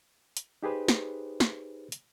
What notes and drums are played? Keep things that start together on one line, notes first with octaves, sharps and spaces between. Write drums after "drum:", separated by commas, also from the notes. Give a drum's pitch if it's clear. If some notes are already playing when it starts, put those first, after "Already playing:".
drum: hi-hat
D#4 G4 G#4 B4 C5
drum: snare
drum: snare
drum: hi-hat